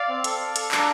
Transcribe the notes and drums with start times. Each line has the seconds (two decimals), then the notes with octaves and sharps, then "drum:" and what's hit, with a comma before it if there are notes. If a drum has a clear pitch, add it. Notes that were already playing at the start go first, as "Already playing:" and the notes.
Already playing: D5 F5
0.09 C4
0.24 A4, drum: hi-hat
0.40 A4
0.56 A4, drum: hi-hat
0.72 D4, drum: clap
0.78 A#5